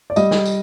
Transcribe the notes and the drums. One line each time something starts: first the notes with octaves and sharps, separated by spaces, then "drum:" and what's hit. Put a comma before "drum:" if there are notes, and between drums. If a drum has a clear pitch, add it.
D5
G3 D#5, drum: tambourine
drum: snare
drum: tambourine